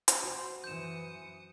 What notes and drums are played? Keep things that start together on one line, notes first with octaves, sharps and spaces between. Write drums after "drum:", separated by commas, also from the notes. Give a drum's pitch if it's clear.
drum: hi-hat
F#4 C5
F#2 E3 D#6 G6 C#7 E7